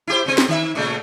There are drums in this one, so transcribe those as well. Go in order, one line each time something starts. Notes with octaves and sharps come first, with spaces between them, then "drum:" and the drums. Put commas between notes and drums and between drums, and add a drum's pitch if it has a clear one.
E4 G4 C5
C#3 C4
drum: snare
D#3 E5
A#2 C#3 A3